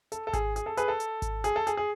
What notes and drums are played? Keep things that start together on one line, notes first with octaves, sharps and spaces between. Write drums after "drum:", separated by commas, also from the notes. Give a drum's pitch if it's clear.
A4, drum: hi-hat
A4
G#4, drum: kick G#1, hi-hat
G#4, drum: hi-hat
A4
G#4 B4, drum: hi-hat
A4
drum: hi-hat
drum: kick G#1, hi-hat
G#4, drum: hi-hat
A4
G#4, drum: hi-hat
G#4